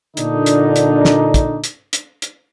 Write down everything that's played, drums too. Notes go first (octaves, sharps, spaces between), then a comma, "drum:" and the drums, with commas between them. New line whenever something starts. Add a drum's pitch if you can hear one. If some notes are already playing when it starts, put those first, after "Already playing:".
A#2 D3 D4 D#4, drum: hi-hat
drum: hi-hat
drum: hi-hat
drum: snare
drum: kick, hi-hat
drum: hi-hat
drum: hi-hat
drum: hi-hat